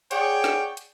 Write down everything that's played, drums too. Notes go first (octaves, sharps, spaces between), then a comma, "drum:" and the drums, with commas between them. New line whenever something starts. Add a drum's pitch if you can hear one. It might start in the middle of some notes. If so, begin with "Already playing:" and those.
G#4 C#5 D5 F#5 G5, drum: hi-hat
drum: snare
drum: hi-hat